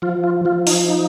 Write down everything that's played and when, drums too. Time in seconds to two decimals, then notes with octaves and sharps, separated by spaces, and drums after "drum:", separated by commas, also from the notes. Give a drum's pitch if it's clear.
0.02 F3 F4
0.24 F4
0.45 F3 F4
0.67 D#4, drum: open hi-hat
0.88 D#4